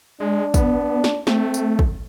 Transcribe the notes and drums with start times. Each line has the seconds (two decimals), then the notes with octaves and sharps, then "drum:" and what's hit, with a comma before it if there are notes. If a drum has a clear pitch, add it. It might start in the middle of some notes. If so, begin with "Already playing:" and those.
0.20 G#3 D4
0.54 B3, drum: kick, tambourine
1.04 drum: snare
1.27 A3 C4, drum: snare
1.54 drum: tambourine
1.79 drum: kick